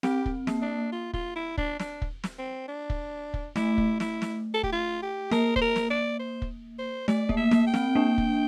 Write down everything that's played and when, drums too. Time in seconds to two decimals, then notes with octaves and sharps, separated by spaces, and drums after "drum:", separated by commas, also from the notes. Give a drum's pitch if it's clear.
0.03 C4 G4, drum: snare
0.26 drum: kick
0.47 A#3, drum: snare
0.62 D4
0.92 F4
1.13 F4, drum: kick
1.36 E4
1.58 D4, drum: kick
1.80 D4, drum: snare
2.02 drum: kick
2.24 drum: snare
2.39 C4
2.68 D4
2.90 drum: kick
3.34 drum: kick
3.56 A3 E4, drum: snare
3.78 drum: kick
4.00 E4, drum: snare
4.22 drum: snare
4.54 A4
4.63 G4, drum: kick
4.72 F4
5.02 G4
5.31 A#3 A#4, drum: snare
5.56 C5, drum: kick
5.61 A#4
5.76 drum: snare
5.90 D5
6.20 C5
6.42 drum: kick
6.79 C5
7.08 A3 D5, drum: snare
7.29 A#3, drum: kick
7.37 E5
7.51 A#3, drum: snare
7.67 G5
7.74 C4, drum: snare
7.95 A#3 D4
8.18 drum: kick